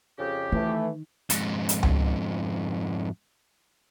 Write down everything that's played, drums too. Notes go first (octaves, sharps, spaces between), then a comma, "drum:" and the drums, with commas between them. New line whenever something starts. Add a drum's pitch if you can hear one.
F2 C#3 G4
D#3 E3 A3
F2 G#2, drum: hi-hat
drum: hi-hat
drum: tom C#2